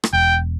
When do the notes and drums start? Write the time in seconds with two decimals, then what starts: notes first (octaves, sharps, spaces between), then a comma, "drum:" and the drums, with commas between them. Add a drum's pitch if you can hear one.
0.04 drum: rim click
0.13 E1 G5